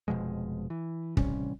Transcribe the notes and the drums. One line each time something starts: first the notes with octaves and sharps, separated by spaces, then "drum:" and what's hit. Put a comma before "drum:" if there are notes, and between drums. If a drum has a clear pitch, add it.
F1 B2 F3 G#3
E3
A1 C3 G3 C#4, drum: kick